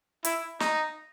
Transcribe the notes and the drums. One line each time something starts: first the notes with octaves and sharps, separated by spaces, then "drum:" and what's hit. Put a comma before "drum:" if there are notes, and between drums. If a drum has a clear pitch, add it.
E4, drum: hi-hat
D#4, drum: snare